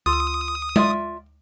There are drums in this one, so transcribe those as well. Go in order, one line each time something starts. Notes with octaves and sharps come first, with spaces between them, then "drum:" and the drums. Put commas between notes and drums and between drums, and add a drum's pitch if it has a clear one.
D2 F4 D#6 E6
F4 D5 E5, drum: tom G#3